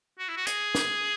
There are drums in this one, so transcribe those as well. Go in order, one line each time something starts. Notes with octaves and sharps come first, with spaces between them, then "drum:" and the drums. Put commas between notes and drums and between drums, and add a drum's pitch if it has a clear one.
F#4
E4
F#4
G#4, drum: hi-hat
drum: snare